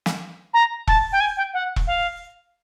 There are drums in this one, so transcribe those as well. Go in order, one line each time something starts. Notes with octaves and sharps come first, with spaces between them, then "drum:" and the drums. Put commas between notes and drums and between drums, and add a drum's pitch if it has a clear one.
drum: snare
A#5
A5, drum: kick E1
G5
G#5
G5
F#5
drum: kick E1
F5